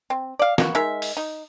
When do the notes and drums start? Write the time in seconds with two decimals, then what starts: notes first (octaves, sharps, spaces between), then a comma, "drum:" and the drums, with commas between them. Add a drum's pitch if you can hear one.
0.10 C4
0.39 D5 F5
0.58 A#3 B3 F#4 C#6, drum: snare
0.75 G#3 D#4 A#4 E5
1.02 drum: open hi-hat
1.17 D#4